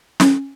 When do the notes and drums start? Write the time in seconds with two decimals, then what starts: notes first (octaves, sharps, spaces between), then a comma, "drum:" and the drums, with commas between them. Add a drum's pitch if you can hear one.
0.20 C#4, drum: snare